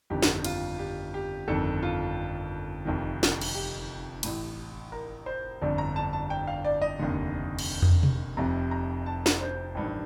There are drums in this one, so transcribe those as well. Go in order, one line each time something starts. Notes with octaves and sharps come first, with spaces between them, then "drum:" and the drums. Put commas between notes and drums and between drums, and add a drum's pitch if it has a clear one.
G1 F2 D#3 G4
drum: snare
F4, drum: cymbal
G4
G4
G1 F2 D#3 A4
F4
F1 F2 D#3
drum: snare
drum: cymbal
G4
A1 A2, drum: cymbal
A#4
C5
G1 F2 D3 D5
A#5
A5
A5
G5
F5
D5
D#5
F1 D#2 D3
drum: cymbal
drum: tom
drum: tom B2
F1 F2 C3 A#5
A#5
A5
drum: snare
C5
A1 G2 D#3